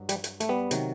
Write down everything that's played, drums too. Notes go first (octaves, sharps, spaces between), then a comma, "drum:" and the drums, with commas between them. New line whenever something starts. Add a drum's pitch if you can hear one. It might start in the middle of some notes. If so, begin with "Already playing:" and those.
Already playing: G2 F#3
G3, drum: hi-hat
drum: hi-hat
A3, drum: hi-hat
G3 B3
C3 D#3 F#3, drum: hi-hat